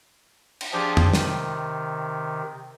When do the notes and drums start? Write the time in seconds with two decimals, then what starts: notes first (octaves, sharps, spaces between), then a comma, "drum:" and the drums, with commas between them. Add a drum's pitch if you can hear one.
0.61 drum: cymbal
0.73 F3 D4 G4 G#4
0.97 drum: tom
1.13 C3 D#3, drum: snare